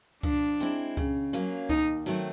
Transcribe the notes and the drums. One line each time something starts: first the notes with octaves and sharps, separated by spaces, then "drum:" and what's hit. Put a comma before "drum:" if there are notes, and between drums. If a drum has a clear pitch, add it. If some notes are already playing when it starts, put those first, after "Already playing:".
F3 D4, drum: kick C#2
G#3 C4 E4
C#3, drum: kick C#2
F#3 A#3 C#4 F4
D#2 D#4, drum: kick C#2
D#3 F#3 A3 C4